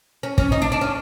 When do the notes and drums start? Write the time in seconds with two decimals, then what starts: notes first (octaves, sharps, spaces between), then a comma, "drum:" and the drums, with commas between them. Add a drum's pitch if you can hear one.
0.23 C#4
0.38 C#4, drum: kick
0.52 D#4
0.62 D4
0.72 D4
0.81 C#4